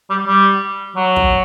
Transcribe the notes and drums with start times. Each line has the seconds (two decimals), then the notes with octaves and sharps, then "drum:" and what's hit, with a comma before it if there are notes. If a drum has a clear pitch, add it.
0.10 G3
0.27 G3
0.96 F#3
1.16 drum: kick